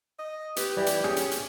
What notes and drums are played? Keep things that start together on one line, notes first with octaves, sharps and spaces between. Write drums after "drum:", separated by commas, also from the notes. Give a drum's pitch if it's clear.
D#5
G4 B4, drum: hi-hat
E3 G3 G4
drum: hi-hat
C#4 G#4, drum: rim click
drum: hi-hat
drum: hi-hat